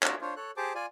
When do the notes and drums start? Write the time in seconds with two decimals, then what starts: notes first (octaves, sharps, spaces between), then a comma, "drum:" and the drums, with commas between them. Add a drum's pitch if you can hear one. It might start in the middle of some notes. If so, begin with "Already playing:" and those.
0.03 D4 F4 F#4 D5 A#5 E6, drum: clap
0.21 D4 F4 C5 C#5
0.36 A4 C#5 F#6
0.57 G4 G#4 C5 A5 D6
0.75 F4 D5 G#5